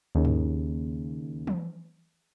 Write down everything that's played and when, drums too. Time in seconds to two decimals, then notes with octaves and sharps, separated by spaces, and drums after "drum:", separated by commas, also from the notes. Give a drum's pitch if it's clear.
0.15 D#2 C#3
0.25 drum: tom
1.47 drum: tom E3